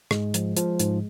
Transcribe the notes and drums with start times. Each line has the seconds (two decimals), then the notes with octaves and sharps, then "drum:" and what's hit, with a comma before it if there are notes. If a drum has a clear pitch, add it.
0.11 G#2 G#3, drum: rim click
0.34 F3, drum: hi-hat
0.57 F3, drum: hi-hat
0.79 G#2, drum: hi-hat